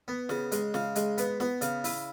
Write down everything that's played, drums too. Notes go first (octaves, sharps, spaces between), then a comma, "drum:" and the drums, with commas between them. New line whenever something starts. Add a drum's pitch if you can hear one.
B3
C#3, drum: snare
G#3, drum: hi-hat
C#3, drum: snare
G#3, drum: hi-hat
B3, drum: hi-hat
B3, drum: snare
C#3, drum: hi-hat
E4, drum: open hi-hat